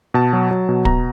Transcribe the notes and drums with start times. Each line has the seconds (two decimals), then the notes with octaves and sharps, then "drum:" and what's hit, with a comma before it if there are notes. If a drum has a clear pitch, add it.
0.14 B2 A5
0.33 F#3
0.51 F#3
0.69 B2
0.85 B2 A#5, drum: kick